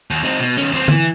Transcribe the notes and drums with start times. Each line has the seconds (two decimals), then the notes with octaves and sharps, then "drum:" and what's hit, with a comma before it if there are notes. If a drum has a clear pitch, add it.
0.11 D#2
0.24 C4 D#4
0.40 B2
0.57 D#3 C#4, drum: hi-hat
0.72 D#2 C4
0.88 E3, drum: tom D3